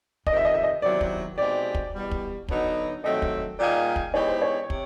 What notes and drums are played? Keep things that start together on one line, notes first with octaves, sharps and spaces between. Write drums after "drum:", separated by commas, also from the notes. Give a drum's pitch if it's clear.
F2 C3 D#3 D#5, drum: kick
E5
D#5
E5
D#5
E2 C3 D#3 F#3 D5
drum: kick
B2 G#3 C4 D#4 G4 D5
drum: kick
E2 B2 G3
drum: kick
D3 F#3 B3 D#4 F#4, drum: kick
G2 D#3 F#3 A3 C4 D#5
drum: kick
A#2 G3 A#3 D#4 G#4 D5
drum: kick
E3 G#3 B3 D#4 G4 C#5
C5
C#5
C3, drum: kick